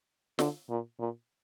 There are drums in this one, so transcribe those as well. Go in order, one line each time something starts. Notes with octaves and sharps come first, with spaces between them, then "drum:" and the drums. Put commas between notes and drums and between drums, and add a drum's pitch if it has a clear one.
D3, drum: snare
A#2
A#2